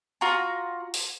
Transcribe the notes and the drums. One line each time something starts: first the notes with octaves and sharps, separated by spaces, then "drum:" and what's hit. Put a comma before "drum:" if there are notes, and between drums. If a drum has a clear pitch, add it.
F4 F#4 A#5
drum: open hi-hat